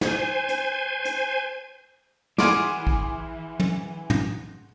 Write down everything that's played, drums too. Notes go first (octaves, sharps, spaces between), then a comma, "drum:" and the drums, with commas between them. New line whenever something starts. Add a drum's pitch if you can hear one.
C5 G#5, drum: snare
drum: hi-hat
drum: hi-hat
E3 G#4 F#5 C6 D6 F6, drum: snare
drum: kick A#1
drum: tom
drum: tom